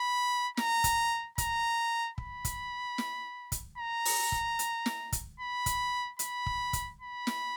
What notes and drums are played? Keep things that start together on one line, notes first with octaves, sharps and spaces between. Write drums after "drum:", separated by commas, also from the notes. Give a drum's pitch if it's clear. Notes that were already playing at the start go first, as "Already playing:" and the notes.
Already playing: B5
A#5, drum: snare
drum: kick, hi-hat
A#5, drum: kick, hi-hat
B5, drum: kick
drum: kick, hi-hat
drum: snare
drum: kick, hi-hat
A#5
drum: open hi-hat
drum: kick
drum: hi-hat
drum: snare
drum: kick, hi-hat
B5
drum: kick, hi-hat
B5, drum: hi-hat
drum: kick
drum: kick, hi-hat
B5
drum: snare